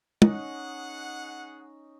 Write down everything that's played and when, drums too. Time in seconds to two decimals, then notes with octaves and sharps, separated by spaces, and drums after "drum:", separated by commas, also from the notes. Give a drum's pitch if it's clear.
0.22 C#4 D#4 G#4 D#5 F#5, drum: tom